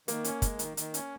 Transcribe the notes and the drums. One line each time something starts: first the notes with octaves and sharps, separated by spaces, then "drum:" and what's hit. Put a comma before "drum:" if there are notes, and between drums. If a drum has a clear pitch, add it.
D#3 A#3, drum: hi-hat
C#4, drum: hi-hat
G#3, drum: kick, hi-hat
D#3, drum: hi-hat
D#3, drum: hi-hat
C#4, drum: hi-hat